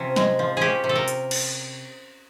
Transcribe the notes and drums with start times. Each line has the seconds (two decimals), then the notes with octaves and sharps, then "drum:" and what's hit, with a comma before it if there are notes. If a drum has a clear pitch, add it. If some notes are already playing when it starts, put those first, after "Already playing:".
Already playing: C3 F3 C#4
0.16 G#3, drum: snare
0.39 F3
0.57 C#4 G4 G#4
0.84 C3
0.89 A4
0.96 A#4
1.08 drum: hi-hat
1.31 drum: cymbal